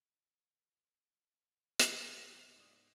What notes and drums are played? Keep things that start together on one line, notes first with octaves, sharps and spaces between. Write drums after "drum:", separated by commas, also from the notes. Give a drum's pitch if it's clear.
C2, drum: hi-hat
G#2 D5 D#6